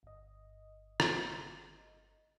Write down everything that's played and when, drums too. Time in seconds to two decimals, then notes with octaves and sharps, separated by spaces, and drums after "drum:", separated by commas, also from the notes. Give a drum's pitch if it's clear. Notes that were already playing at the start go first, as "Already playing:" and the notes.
0.03 G1 D#5
1.00 drum: rim click